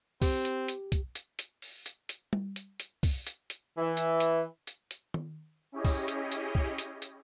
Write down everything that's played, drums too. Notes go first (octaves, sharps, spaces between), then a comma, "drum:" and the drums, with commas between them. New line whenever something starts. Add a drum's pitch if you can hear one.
C4 G4, drum: kick, open hi-hat
drum: hi-hat
drum: hi-hat
drum: kick, hi-hat
drum: hi-hat
drum: hi-hat
drum: open hi-hat
drum: hi-hat
drum: hi-hat
drum: tom G3
drum: hi-hat
drum: hi-hat
drum: kick, open hi-hat
drum: hi-hat
drum: hi-hat
E3
drum: hi-hat
drum: hi-hat
drum: hi-hat
drum: hi-hat
drum: tom D#3
C#4 E4 G4 G#4 C#5 D#5
drum: kick, open hi-hat
drum: hi-hat
drum: hi-hat
drum: kick
drum: hi-hat
drum: hi-hat